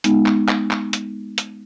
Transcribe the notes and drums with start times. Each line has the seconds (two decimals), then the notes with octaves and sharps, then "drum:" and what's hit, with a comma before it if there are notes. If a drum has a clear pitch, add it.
0.04 G#3 B3 D#4, drum: hi-hat
0.26 drum: clap
0.48 drum: clap
0.71 drum: clap
0.93 drum: hi-hat
1.38 drum: hi-hat